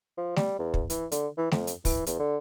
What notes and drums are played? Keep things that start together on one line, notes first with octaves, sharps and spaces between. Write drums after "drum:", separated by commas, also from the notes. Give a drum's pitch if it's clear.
F3
G3, drum: snare A3
E2
drum: kick
E3, drum: hi-hat
D3, drum: hi-hat
E3
F2, drum: snare A3
drum: hi-hat
E3, drum: kick, open hi-hat
E2, drum: hi-hat
D3